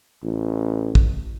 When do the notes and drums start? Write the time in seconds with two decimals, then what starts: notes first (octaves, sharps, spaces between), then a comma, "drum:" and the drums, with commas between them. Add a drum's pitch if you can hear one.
0.24 A1
0.95 drum: kick